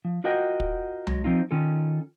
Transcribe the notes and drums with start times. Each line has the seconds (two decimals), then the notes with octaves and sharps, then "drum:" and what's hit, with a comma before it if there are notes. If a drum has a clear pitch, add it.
0.05 F3
0.24 F4 F#4 A#4 D#5 F#5 G5
0.60 drum: kick
1.07 F#3 G#3, drum: tom C2
1.24 F3 C4 D#4 F4
1.51 D#3 C#4 F4 A4